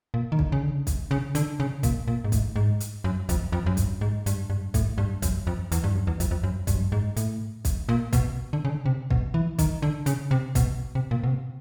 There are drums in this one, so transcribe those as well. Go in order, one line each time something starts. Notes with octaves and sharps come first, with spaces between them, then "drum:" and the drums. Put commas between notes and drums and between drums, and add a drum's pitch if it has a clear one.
A#2
D#3
D3, drum: kick B1
C#3
D3
drum: kick B1, hi-hat
C#3
D3, drum: hi-hat
C#3
A#2, drum: kick B1, hi-hat
A#2
G#2
A2, drum: kick B1, hi-hat
G#2
drum: hi-hat
F#2
F2, drum: kick B1, hi-hat
F2
F#2
G2, drum: kick B1, hi-hat
G#2
G2, drum: hi-hat
G2
A2, drum: kick B1, hi-hat
G2
F#2, drum: kick B1, hi-hat
F2
E2, drum: hi-hat
G2
F#2
E2
F2, drum: kick B1, hi-hat
F2
F#2
G2, drum: kick B1, hi-hat
F#2
G2
G#2
A2, drum: hi-hat
drum: kick B1, hi-hat
A#2
B2, drum: kick B1, hi-hat
D3
C#3
D3
C3
B2, drum: kick B1
E3
D#3, drum: kick B1, hi-hat
D3
C#3, drum: hi-hat
C3
B2, drum: kick B1, hi-hat
C3
A#2
B2
C3